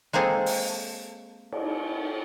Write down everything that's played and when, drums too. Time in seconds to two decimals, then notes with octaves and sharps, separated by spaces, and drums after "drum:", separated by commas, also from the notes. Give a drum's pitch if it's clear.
0.13 G#3 A#3 C4 G#4 A4
0.46 drum: open hi-hat
1.52 drum: cymbal